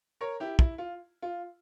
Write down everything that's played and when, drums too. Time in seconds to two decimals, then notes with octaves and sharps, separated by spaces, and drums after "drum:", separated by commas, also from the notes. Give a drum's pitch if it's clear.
0.21 A#4 C#5
0.40 E4 G4
0.59 E4, drum: kick
0.78 F4
1.22 F4